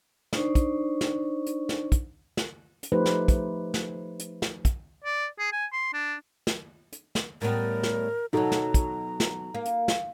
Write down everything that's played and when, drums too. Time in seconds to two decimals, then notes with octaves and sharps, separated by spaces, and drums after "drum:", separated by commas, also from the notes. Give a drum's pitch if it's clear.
0.33 D4 D#4 C5 D5 C#6, drum: snare
0.55 drum: kick, hi-hat
1.01 drum: snare
1.46 drum: hi-hat
1.69 drum: snare
1.92 drum: kick, hi-hat
2.37 drum: snare
2.83 drum: hi-hat
2.92 F3 A3 D#4 G4 B4 C5
3.06 drum: snare
3.28 drum: kick, hi-hat
3.74 drum: snare
4.19 drum: hi-hat
4.42 drum: snare
4.65 drum: kick, hi-hat
5.04 D5
5.39 G#4
5.52 G#5
5.73 C6
5.93 D4
6.47 drum: snare
6.92 drum: hi-hat
7.15 drum: snare
7.42 A2 G3 B3 A#4
7.83 drum: snare
8.33 B2 F#3 D#4 F#4 A4 A#5
8.52 drum: snare
8.74 drum: kick, hi-hat
9.20 drum: snare
9.55 A#3
9.65 drum: hi-hat
9.88 drum: snare